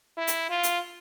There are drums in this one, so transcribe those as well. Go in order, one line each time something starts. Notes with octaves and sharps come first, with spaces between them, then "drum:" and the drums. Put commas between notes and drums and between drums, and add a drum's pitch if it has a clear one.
E4
drum: hi-hat
F4
drum: hi-hat